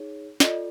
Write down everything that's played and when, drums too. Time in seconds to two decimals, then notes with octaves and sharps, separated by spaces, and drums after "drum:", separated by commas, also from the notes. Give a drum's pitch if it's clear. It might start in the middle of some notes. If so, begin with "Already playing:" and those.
Already playing: D#4 G#4 C#5
0.40 F4 A4 D5 D#5, drum: snare